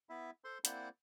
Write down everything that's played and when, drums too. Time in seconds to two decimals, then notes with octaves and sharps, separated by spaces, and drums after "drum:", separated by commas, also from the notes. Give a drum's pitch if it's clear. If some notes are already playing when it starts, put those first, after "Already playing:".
0.09 B3 E4 E5
0.44 A4 C5 C6
0.65 A#3 C4 E4 C5 D5 F#5, drum: hi-hat